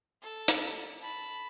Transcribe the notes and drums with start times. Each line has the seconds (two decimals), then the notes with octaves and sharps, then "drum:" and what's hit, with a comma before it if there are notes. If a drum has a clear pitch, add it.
0.22 A4
0.48 drum: hi-hat
1.01 A5 B5